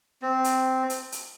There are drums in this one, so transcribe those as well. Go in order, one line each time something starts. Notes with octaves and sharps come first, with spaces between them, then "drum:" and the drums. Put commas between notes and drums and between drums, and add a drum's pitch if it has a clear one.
C4
drum: hi-hat
drum: hi-hat
drum: hi-hat